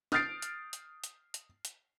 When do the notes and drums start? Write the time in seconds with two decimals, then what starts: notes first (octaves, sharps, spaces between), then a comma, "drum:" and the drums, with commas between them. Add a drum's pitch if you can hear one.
0.12 D#6 F6 G6 A6 C7 D7, drum: snare
0.42 drum: hi-hat
0.73 drum: hi-hat
1.04 drum: hi-hat
1.34 drum: hi-hat
1.65 drum: hi-hat